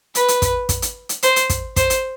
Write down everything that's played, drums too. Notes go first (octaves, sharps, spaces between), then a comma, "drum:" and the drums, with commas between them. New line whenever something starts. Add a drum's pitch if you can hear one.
B4, drum: hi-hat
drum: hi-hat
drum: kick, hi-hat
drum: kick, hi-hat
drum: hi-hat
drum: hi-hat
C5, drum: hi-hat
drum: hi-hat
drum: kick, hi-hat
C5, drum: kick, hi-hat
drum: hi-hat